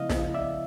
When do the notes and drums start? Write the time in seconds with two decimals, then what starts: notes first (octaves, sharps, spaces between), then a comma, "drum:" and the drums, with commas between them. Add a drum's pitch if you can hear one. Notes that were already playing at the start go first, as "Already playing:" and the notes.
Already playing: C#3 F3 G#3 B3 E4 D#5 F5
0.10 drum: snare
0.34 D5 E5